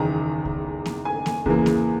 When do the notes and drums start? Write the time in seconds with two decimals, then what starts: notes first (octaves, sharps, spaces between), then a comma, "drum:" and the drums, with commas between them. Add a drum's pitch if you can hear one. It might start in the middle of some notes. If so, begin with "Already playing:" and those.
Already playing: F#1 E2 D#3 A#5
0.45 drum: kick C2
0.86 drum: snare A#3
1.05 G#5
1.26 drum: snare A#3
1.46 E2 C#3 E3 A#3, drum: kick C2
1.66 drum: snare A#3